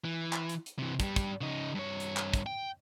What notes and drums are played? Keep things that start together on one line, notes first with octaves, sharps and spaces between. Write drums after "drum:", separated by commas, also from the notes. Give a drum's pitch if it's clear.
E3
drum: clap
drum: hi-hat
drum: hi-hat
C3 E3
G2 G3, drum: kick, hi-hat
drum: kick, hi-hat
C#3 D#4
G2 C#5
drum: hi-hat
drum: clap
drum: kick, hi-hat
G5